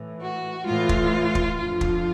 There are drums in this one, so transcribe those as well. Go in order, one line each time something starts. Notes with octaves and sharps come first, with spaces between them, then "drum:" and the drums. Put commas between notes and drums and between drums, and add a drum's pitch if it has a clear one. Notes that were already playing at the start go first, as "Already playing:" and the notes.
Already playing: A2 E3
F#4
A2 E3 F4
drum: kick
drum: kick
F2 D3 F3 F4
drum: kick